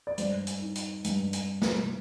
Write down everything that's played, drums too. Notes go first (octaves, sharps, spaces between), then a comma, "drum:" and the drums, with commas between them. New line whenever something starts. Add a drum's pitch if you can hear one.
D5
G2 C5, drum: hi-hat
drum: hi-hat
D#4
drum: hi-hat
G2, drum: hi-hat
drum: hi-hat
drum: snare